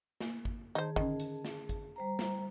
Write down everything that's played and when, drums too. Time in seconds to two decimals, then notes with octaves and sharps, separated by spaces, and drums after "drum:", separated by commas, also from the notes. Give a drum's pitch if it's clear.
0.21 A#3, drum: snare
0.45 drum: kick G#1
0.75 D#3 D#4 G#4 C5 A5
0.96 D3 D#3 C#4, drum: kick G#1
1.20 drum: hi-hat
1.45 drum: snare
1.69 drum: kick G#1, hi-hat
1.96 G3 C5 A#5
2.19 drum: snare